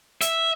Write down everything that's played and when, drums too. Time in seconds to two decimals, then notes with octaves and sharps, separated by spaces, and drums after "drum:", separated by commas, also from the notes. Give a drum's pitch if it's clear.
0.21 E5, drum: hi-hat